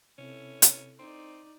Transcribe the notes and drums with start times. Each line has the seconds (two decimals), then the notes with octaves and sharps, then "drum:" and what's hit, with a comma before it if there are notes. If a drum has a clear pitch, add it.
0.18 C3 C4 C#4 E4 A4
0.62 drum: hi-hat
0.99 C4 D#4 D5 C6